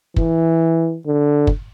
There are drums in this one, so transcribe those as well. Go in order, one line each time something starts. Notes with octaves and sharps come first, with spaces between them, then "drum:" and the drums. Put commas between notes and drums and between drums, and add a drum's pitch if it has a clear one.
E3, drum: kick
D3
drum: kick